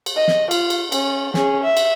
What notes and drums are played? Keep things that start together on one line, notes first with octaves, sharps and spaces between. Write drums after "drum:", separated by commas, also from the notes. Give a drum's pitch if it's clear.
drum: cymbal
D#5
drum: snare
F4, drum: cymbal
drum: cymbal
C#4, drum: cymbal
C#4 G#4, drum: snare
E5
drum: cymbal